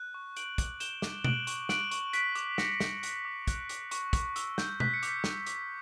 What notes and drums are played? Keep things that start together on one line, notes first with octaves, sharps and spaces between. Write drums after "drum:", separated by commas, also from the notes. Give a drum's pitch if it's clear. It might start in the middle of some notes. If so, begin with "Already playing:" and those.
Already playing: F#6
C#6
G6 D7 F#7, drum: hi-hat
D6, drum: kick, hi-hat
G6 E7 G7, drum: hi-hat
D6, drum: snare
F#6 D7 F#7, drum: tom B2
C#6, drum: hi-hat
F#6 D7 F#7, drum: snare
C#6, drum: hi-hat
F#6 B6 D7, drum: hi-hat
D6, drum: hi-hat
F#6 A#6 C#7, drum: snare
D6, drum: snare
F#6, drum: hi-hat
D6
F#6, drum: kick, hi-hat
D6, drum: hi-hat
C#6, drum: hi-hat
C#6, drum: kick, hi-hat
E6, drum: hi-hat
G6, drum: snare
F#6 B6, drum: tom B2
C#7
D6 B6, drum: hi-hat
F#6 G6, drum: snare
D6, drum: hi-hat